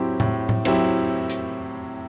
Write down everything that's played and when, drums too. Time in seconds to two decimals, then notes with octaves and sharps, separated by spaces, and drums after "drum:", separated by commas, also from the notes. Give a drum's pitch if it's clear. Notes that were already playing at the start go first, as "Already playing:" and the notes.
Already playing: A2 F#3 C4 E4 G4
0.20 A2, drum: tom A2
0.49 drum: tom A2
0.65 F#3 C4 E4 G4, drum: cymbal
1.29 drum: hi-hat